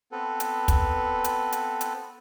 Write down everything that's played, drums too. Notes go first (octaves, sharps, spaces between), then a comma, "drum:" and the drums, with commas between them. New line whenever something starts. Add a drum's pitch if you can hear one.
B3 C4 A4 B4
drum: hi-hat
drum: kick, hi-hat
drum: hi-hat
drum: hi-hat
drum: hi-hat